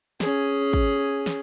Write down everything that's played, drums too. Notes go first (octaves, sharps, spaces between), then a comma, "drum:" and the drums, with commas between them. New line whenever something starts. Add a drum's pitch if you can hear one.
C#4 G#4, drum: snare
drum: kick
drum: snare